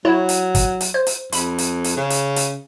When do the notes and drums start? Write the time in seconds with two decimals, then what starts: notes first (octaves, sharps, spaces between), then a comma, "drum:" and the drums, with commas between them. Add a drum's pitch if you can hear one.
0.05 F#3 E4 C#5
0.29 drum: hi-hat
0.55 drum: kick, hi-hat
0.81 drum: hi-hat
0.94 C5
1.07 drum: hi-hat
1.32 F2 B5, drum: hi-hat
1.58 drum: hi-hat
1.84 drum: hi-hat
1.96 C#3
2.10 drum: hi-hat
2.36 drum: hi-hat